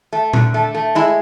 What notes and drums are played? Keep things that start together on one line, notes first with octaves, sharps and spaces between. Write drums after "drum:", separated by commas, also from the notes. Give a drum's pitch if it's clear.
A3
D3, drum: tom A#2
A3
A3
G#3 E4